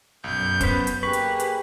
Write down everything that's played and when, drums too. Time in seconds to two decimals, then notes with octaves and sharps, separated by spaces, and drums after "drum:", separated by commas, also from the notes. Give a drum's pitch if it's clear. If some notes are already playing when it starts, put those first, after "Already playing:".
0.24 B1 F#2 G6
0.61 B3 C#4 B4 C5, drum: kick, hi-hat
0.87 drum: hi-hat
1.03 A#3 G4 G#4 B4 C#6
1.13 drum: hi-hat
1.40 drum: hi-hat